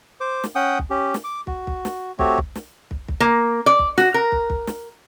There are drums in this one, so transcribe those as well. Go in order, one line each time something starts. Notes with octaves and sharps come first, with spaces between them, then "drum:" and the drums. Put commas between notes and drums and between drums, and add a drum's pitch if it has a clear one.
C5 D6
drum: snare
C#4 F#5 G5 D#6
drum: kick
C#4 G4
drum: snare
D6
F#4, drum: kick
drum: kick
drum: snare
A3 C4 F#4 G4 C#5, drum: kick
drum: kick
drum: snare
drum: kick
drum: kick
A#3
D5
drum: kick
F#4, drum: snare
A#4
drum: kick
drum: kick
drum: snare